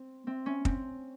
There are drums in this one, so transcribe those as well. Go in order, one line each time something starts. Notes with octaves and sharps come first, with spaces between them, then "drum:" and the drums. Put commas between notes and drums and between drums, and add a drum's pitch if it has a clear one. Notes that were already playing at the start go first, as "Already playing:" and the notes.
Already playing: C4
C4
C#4
C4, drum: kick